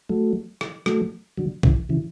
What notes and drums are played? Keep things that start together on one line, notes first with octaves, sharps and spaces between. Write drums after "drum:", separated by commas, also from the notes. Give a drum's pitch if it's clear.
F#3 A3
drum: rim click
F#3 A3, drum: rim click
D3 F#3
C#3 E3, drum: kick
C#3 E3